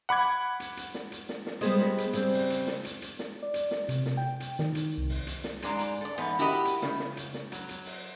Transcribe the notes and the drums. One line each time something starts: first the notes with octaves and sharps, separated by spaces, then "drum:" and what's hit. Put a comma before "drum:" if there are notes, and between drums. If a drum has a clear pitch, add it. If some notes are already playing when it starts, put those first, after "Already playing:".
F#5 B5 D6 G#6
drum: hi-hat
drum: hi-hat
drum: snare
drum: hi-hat
drum: snare
drum: snare
G3 G#3 B3 G#4 C5 D#5, drum: hi-hat
drum: snare
drum: hi-hat
C#3 G3 C4 D4, drum: hi-hat
drum: open hi-hat
drum: hi-hat
drum: snare
drum: hi-hat
drum: hi-hat
drum: snare
D5
drum: hi-hat
drum: snare
C3, drum: hi-hat
drum: snare
G5
drum: hi-hat
D#3, drum: snare
drum: hi-hat
C2
drum: open hi-hat
drum: hi-hat
drum: snare
G#2 G#3 D5 A#5, drum: hi-hat
drum: hi-hat
A4 D5
E2 G#2 B3
E4 F#4 G4 A#4 D#5
drum: hi-hat
C#3, drum: snare
drum: snare
drum: hi-hat
drum: snare
F#3, drum: hi-hat
drum: hi-hat
drum: open hi-hat